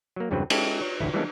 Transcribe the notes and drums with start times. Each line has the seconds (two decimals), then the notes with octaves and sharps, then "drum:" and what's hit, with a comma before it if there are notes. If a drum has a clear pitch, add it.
0.16 F#3 A#3
0.31 E2 G2 C#3 F#3 C4 B4
0.50 G#3 C#4 E4 G4 A4, drum: cymbal
0.81 C#5
1.00 A1 D2 E4
1.14 E3 G3 G#3 A#3 C#4 D4